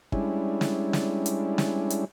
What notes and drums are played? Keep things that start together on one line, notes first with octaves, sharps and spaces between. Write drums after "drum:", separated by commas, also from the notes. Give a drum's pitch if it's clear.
G3 G#3 C#4 D4 E4, drum: kick
drum: snare
drum: snare
drum: hi-hat
drum: snare
drum: hi-hat